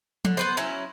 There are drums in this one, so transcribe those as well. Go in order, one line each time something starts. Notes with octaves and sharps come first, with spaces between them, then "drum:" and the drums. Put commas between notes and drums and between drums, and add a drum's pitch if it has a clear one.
D3, drum: tom F3
B3 B4 C5
F#3 C#4 E4